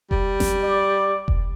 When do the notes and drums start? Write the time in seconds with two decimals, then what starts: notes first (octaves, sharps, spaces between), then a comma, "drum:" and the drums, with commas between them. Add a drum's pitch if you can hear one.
0.11 G3, drum: kick F1
0.40 drum: snare F#1
0.63 D5
1.28 drum: kick F1